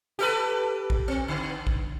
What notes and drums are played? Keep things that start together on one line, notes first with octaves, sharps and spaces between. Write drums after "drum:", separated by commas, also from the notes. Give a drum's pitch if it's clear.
G4 A4 B4
drum: kick A1
C4
D3
drum: kick A1